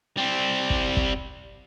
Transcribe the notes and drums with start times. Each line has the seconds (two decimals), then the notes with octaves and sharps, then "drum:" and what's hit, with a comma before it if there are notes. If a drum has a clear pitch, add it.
0.17 G3 C4
0.70 drum: kick
0.97 drum: kick